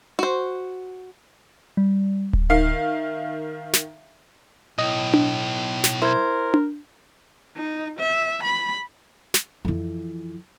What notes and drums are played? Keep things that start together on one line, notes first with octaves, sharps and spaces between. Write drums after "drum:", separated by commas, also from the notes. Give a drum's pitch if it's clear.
F#4 C5
G3
drum: kick D1
D#3 E5 F5 C7
drum: snare
B1 A2 D#5
drum: tom D4
drum: snare
E4 A#4 C5 G#6
drum: tom D4
D#4
E5
B5
drum: snare
F2 E3